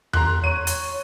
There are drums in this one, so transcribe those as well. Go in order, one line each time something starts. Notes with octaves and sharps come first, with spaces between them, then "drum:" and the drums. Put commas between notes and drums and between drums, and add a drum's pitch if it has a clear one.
A#5 C6 F#6, drum: tom E2
C#5 D#7
drum: hi-hat